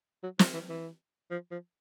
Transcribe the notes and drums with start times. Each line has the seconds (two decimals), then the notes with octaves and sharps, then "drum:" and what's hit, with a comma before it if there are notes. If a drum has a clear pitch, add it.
0.23 F#3
0.39 F3, drum: snare
0.54 E3
0.69 E3
1.31 F3
1.52 F3